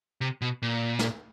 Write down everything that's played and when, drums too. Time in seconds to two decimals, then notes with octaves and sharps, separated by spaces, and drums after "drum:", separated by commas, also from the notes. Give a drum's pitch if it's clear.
0.21 C3
0.42 B2
0.62 A#2
0.99 drum: snare